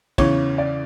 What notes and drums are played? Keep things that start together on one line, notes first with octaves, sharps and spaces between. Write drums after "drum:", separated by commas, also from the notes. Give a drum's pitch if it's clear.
E2 C#3 E3 C#5, drum: kick, cymbal
D5